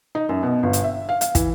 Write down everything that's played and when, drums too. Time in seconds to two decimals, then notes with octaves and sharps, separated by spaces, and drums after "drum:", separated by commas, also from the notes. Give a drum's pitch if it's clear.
0.15 D#4
0.29 F#2
0.43 B2
0.63 G1
0.73 drum: hi-hat
0.84 E5
1.09 F5
1.21 F5, drum: hi-hat
1.35 E3, drum: kick, hi-hat